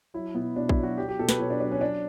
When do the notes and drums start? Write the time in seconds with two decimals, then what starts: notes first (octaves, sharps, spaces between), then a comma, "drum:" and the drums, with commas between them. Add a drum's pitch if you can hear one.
0.14 F#3 E4
0.35 B2 B3
0.56 B2 D4
0.69 E4, drum: kick A#1
0.77 F#3
0.83 F#4
0.98 F#3 G4
1.09 G4
1.19 B2 A4
1.29 B4, drum: snare
1.39 B2 C#5
1.50 D4
1.60 F#3 D4
1.72 C#4
1.81 F#3 D4